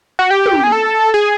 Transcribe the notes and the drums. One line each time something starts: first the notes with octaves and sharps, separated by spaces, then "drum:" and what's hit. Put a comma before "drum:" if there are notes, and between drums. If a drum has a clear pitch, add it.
F#4
G4
drum: tom
G#4
A4
G#4